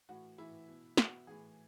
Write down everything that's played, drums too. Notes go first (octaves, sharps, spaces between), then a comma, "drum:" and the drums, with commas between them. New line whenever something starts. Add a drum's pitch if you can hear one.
A2 E3 F#4
A2 E3 E4
B2
B2 F#4, drum: snare
A2 E3 G#4